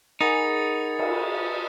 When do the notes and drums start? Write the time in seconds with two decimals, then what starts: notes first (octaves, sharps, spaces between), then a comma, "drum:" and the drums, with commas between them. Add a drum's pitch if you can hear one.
0.21 D#4 G#4 A#4 F#5 B5 D#6 A6 C#7
0.99 drum: cymbal